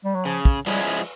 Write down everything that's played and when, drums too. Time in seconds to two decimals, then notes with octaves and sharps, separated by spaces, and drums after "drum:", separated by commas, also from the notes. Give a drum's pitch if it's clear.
0.05 G3
0.15 F#3
0.25 C#3 F3
0.45 drum: kick
0.66 F3 G3 G#3 C#4 E4, drum: cymbal